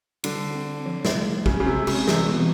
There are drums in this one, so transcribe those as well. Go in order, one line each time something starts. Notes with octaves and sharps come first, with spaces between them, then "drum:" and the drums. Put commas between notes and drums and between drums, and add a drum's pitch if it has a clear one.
D3 G3, drum: cymbal
C4
F3
drum: snare
A3
C#3 G#3, drum: kick
C#3
C3
G#3
C#3, drum: cymbal
C3 E3, drum: snare
B2
E3